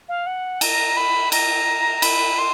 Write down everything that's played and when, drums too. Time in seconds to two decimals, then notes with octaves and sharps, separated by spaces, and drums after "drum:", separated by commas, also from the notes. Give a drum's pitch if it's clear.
0.09 F5
0.26 F#5
0.61 A#5, drum: cymbal
0.97 B5
1.32 A#5, drum: cymbal
2.02 B5, drum: cymbal
2.38 C6